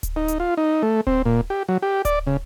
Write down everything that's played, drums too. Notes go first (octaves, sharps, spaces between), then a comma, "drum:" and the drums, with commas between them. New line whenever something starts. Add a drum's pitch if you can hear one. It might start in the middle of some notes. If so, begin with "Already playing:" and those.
drum: kick D1, hi-hat
D#4
drum: hi-hat
F4
D#4
A3
C4, drum: kick D1
A#2
G4
F#3
G4
D5, drum: kick D1, hi-hat
C#3